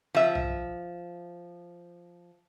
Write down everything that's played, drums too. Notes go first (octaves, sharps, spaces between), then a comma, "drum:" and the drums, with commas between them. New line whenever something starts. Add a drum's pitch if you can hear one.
F3 E5
drum: tom